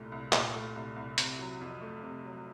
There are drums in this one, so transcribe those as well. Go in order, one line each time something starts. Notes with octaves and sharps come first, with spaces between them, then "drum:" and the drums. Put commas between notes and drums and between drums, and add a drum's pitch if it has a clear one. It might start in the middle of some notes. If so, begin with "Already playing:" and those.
Already playing: C2 A#2 A3
C2
A#2, drum: clap
A3
C2
C2
C3, drum: hi-hat
F#3
F2
A3
C3
F#3